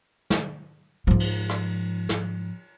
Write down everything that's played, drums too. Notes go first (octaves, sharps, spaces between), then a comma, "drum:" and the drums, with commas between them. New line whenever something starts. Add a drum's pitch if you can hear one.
drum: snare
G#2 F3
drum: cymbal
drum: rim click
drum: snare